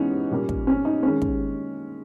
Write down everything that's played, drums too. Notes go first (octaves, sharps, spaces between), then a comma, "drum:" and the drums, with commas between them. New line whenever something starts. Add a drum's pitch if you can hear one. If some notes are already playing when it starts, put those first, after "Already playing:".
Already playing: E3 G#3 B3 C#4 D#4
A#2 G3 A#3
drum: kick
C#4
D#4
D#3 G#3 C#4
drum: kick